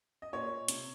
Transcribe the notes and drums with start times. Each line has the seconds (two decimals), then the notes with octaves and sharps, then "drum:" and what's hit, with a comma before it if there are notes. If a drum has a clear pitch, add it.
0.22 D#5
0.33 A#2 C#5
0.50 A#2
0.68 C3, drum: hi-hat